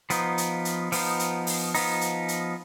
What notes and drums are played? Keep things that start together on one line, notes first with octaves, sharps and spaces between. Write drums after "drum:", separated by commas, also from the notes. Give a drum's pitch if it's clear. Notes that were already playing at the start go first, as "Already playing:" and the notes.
F3 B3 D#4, drum: hi-hat
drum: hi-hat
drum: hi-hat
F3 B3 D#4, drum: open hi-hat
drum: hi-hat
drum: open hi-hat
F3 B3 D#4, drum: open hi-hat
drum: hi-hat
drum: hi-hat